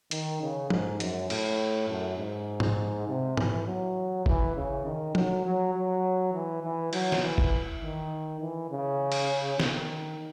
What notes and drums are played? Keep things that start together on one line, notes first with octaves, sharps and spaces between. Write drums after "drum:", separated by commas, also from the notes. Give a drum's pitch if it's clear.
D#3, drum: hi-hat
C#3
G#2, drum: tom F3
F#2, drum: hi-hat
A2, drum: cymbal
F#2
G#2
drum: tom G#2
C3
E3, drum: tom G#2
F#3
E3, drum: kick F#1
C#3
D#3
F#3, drum: tom F3
F#3
F#3
E3
E3
F#3, drum: cymbal
drum: snare
E3
drum: kick F#1
D#3
E3
C#3
drum: cymbal
D#3, drum: snare